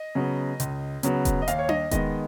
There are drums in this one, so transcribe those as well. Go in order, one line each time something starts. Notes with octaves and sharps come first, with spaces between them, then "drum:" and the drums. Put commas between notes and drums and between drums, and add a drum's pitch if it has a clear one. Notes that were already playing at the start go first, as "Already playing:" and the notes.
Already playing: D#5
C#3 F#3 B3
C#2, drum: hi-hat
C#3 F#3 B3, drum: hi-hat
drum: kick E1, hi-hat
D#5
D#2 F5, drum: hi-hat
C#5
D#5, drum: tom D4
D#3 G#3 B3 D#5, drum: kick E1, hi-hat